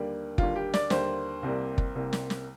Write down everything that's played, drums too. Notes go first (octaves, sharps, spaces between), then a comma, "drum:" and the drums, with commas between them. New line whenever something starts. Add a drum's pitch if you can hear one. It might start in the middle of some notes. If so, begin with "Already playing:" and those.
Already playing: D#2 D3 G3 A#3
D#2 D3 G3 A#3 F4, drum: kick
G4
D5, drum: snare
D#2 D3 G3 A#3 C5, drum: snare
C2 C3 G3 A#3
drum: kick
C2 C3 G3 A#3
drum: snare
drum: snare